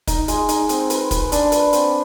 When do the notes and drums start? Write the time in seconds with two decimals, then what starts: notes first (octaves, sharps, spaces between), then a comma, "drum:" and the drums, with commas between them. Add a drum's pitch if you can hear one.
0.07 D#4, drum: kick, hi-hat
0.28 G#3, drum: hi-hat
0.49 D#4, drum: hi-hat
0.69 C4, drum: hi-hat
0.90 B4, drum: hi-hat
1.11 B4, drum: kick, hi-hat
1.32 D4, drum: hi-hat
1.52 B4, drum: hi-hat
1.73 C4, drum: hi-hat